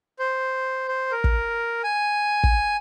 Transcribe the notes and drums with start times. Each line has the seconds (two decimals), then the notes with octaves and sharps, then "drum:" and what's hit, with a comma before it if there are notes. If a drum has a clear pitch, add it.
0.19 C5
0.88 C5
1.12 A#4
1.24 drum: kick
1.84 G#5
2.44 drum: kick